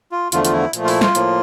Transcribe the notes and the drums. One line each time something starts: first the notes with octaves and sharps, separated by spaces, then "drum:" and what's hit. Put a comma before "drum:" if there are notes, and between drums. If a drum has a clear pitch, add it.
F4
E2 D3 F3 A3 F4, drum: hi-hat
F4, drum: hi-hat
E4
A#2 F3 A3, drum: hi-hat
F4
E4, drum: open hi-hat
F4, drum: snare
A2 F3 A#3, drum: hi-hat